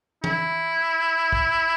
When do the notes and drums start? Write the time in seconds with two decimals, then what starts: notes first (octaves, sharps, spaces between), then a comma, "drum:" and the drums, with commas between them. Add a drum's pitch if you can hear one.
0.24 E4, drum: tom E3
1.33 drum: kick